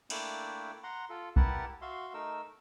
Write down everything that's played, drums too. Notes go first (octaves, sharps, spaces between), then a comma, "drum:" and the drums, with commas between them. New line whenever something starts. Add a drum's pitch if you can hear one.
A3 A#3 D4 E4 G5, drum: cymbal
F#5 A#5 C6
F4 A4
E4 G4 A#4 B4 F#5 A5, drum: kick B1
F#4 E5 F5 C6
A3 D#4 A#4 E6